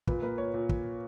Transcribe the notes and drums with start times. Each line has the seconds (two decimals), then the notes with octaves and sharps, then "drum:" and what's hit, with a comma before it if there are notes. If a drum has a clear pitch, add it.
0.07 A#2 B4, drum: kick
0.22 A#3 B4
0.38 A#2 C#5
0.54 A#2
0.69 drum: kick